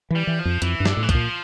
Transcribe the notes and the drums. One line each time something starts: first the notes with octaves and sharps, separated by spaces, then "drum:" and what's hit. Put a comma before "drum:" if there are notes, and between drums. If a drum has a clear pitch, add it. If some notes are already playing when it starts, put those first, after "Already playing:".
E3 G3
E3
F3
F2
F2 E3, drum: hi-hat
G2
D3, drum: snare
A2
E3
F3, drum: kick, hi-hat
A#2